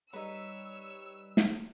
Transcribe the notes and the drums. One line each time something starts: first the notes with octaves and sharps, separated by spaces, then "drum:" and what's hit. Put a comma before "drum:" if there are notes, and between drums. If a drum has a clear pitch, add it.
G3 D#4 B4 C#5 E6
drum: snare